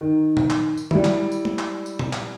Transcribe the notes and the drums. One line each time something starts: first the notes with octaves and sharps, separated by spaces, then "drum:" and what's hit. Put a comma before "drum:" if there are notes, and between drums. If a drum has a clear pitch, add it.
D#3
drum: tom A#2
drum: clap
drum: tambourine
G3 E4, drum: tom D#3
drum: clap
drum: tambourine
drum: tom G#3
drum: clap
drum: tambourine
drum: tom A#2
drum: clap